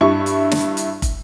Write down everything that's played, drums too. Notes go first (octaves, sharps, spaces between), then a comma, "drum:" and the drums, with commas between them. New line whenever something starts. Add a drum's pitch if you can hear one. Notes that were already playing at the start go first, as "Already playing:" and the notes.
G2 E4 C#6
drum: hi-hat
drum: snare
drum: hi-hat
drum: kick, hi-hat